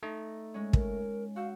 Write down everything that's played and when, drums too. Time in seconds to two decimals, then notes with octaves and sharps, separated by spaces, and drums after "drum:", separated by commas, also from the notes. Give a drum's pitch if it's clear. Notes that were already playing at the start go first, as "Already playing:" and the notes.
0.03 A3 D#4
0.54 G#3 C#4
0.73 A#4, drum: kick
1.36 F#4 F5 E6 G6